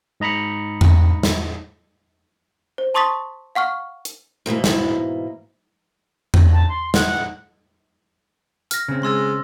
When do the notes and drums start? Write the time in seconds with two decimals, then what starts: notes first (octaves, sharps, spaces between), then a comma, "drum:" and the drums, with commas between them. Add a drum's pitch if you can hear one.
0.20 G#2 D#5 A#5 B5 C#7
0.81 drum: tom E2
1.23 drum: snare
2.78 C5
2.94 A5 C6 C#6 D#6 A6 B6
3.55 F5 F#5 C#6 F6
4.05 drum: hi-hat
4.46 G#2 B2 E3 A#3
4.64 drum: snare
6.34 drum: tom E2
6.53 A5
6.69 C6
6.94 F#5, drum: snare
8.71 F6 A#6, drum: hi-hat
8.88 C#3 C4
9.03 G#3 C6 E6 A6